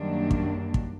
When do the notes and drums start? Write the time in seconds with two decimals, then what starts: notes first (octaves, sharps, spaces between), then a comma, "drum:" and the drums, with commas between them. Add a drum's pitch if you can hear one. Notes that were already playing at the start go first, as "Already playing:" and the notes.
Already playing: F#2 D#3 G3 A#3 D4
0.31 drum: kick
0.74 drum: kick